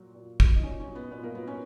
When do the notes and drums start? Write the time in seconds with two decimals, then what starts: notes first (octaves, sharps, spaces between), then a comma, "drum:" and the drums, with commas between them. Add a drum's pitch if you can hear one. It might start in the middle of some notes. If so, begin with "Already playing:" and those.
Already playing: A#2 F#3
0.15 A#2
0.40 F#3, drum: kick
0.56 D#4
0.63 A#2 C#4
0.80 C#4
0.88 F#3
0.95 B3
1.11 A#2 B3
1.24 A#3
1.35 F#3 B3
1.47 C#4